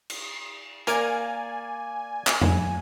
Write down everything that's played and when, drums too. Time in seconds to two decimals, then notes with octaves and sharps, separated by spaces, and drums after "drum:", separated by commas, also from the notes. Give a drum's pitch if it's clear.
0.10 drum: cymbal
0.87 A#3 A#4 D5 F5 G#5, drum: hi-hat
2.27 drum: clap
2.41 drum: tom